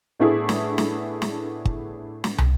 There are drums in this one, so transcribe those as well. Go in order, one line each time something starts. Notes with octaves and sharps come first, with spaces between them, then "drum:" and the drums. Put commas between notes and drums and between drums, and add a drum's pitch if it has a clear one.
A2 A3 B3 D4 E4 G#4
drum: snare
drum: snare
drum: snare
drum: kick
drum: snare
drum: tom